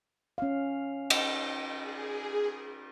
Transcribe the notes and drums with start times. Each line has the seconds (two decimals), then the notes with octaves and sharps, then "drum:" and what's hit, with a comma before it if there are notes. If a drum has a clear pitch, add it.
0.38 C#4 F5
1.10 drum: cymbal
1.72 G#4